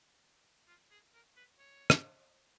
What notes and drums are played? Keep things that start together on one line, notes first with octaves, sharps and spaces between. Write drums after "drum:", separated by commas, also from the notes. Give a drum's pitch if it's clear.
F4
G#4
A#4
B4
C#5
drum: rim click